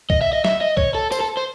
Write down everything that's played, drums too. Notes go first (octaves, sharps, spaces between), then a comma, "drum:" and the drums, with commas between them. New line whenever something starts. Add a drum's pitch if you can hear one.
D#5, drum: kick
E5
D#5
E5, drum: snare
D#5
C#5, drum: kick
A4
C5, drum: tambourine
A4
C5